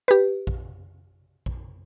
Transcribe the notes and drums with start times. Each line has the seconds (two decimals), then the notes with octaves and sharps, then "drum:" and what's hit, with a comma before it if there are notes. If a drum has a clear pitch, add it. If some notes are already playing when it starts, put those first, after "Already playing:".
0.08 G4 B4, drum: tambourine
0.47 drum: kick A#1
1.46 drum: kick A#1